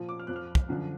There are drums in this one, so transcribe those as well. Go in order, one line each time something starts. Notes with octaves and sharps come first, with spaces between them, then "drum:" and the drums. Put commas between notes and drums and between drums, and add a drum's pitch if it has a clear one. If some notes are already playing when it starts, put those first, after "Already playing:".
Already playing: A#2 F3
D6
F6
F2 F3 F#6
F6
drum: kick
F#2 D3 F3